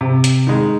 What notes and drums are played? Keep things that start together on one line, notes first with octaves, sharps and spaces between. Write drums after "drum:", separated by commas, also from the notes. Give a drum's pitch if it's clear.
C3
drum: hi-hat
D#3 G#3